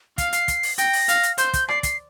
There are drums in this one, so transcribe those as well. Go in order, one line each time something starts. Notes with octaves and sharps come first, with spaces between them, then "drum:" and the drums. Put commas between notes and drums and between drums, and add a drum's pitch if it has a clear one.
F5 C7, drum: kick, hi-hat
C7, drum: hi-hat
drum: kick, hi-hat
drum: open hi-hat
G5 A#6, drum: hi-hat
drum: open hi-hat
F5, drum: hi-hat
drum: hi-hat
C5 G6, drum: hi-hat
G6, drum: kick, hi-hat
D5 C7, drum: rim click
C7, drum: kick, hi-hat